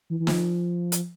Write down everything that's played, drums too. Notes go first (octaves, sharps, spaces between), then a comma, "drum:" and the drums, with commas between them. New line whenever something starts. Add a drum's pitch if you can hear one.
E3
E3
F3, drum: snare
drum: hi-hat